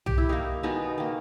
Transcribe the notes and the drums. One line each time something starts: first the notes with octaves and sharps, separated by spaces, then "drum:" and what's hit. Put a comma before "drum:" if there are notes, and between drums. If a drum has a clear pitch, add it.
G4, drum: tom B1
E4
D#3 A#3 D#4
B2 G#3 B3 D#4
D#3 A#3